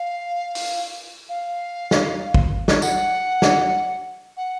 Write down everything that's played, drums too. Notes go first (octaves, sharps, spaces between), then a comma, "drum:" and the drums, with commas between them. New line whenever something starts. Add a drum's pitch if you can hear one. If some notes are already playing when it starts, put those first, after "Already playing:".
Already playing: F5
drum: open hi-hat
F5
drum: snare
drum: kick
drum: snare
F#5, drum: tambourine
drum: snare
F#5